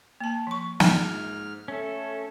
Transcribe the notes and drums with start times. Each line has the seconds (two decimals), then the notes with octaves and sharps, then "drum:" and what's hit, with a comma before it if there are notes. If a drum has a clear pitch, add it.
0.20 A#3 A5
0.47 F3 C#6
0.80 G#2 F6, drum: snare
1.68 A3 C#4 A4